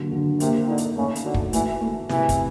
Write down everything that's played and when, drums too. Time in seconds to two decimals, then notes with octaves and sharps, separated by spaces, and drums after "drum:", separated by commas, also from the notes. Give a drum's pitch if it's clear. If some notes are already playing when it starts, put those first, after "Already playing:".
Already playing: D3 F#3 A#3
0.11 D3
0.40 C3 A#3, drum: hi-hat
0.68 D3 D#4
0.78 drum: hi-hat
0.96 C#3 A3
1.15 drum: hi-hat
1.25 D3 F#4
1.34 drum: kick
1.53 E3 A3, drum: hi-hat
1.81 A3
2.09 C3 E3, drum: snare
2.29 drum: kick, hi-hat